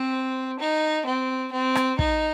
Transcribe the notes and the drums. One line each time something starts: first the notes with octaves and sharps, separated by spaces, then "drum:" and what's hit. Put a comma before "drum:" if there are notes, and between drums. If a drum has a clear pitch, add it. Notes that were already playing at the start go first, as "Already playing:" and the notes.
Already playing: C4
D#4
C4
C4
drum: rim click
D#4, drum: kick